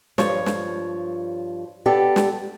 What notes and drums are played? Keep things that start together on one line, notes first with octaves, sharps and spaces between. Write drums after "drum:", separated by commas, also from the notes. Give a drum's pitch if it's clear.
G2 F3 C#5, drum: snare
drum: snare
B3 D4 G4 A4
drum: snare